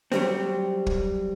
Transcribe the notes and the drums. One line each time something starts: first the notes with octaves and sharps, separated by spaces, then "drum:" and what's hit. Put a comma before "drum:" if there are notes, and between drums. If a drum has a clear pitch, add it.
F#3 G3 C4, drum: snare C#4
drum: kick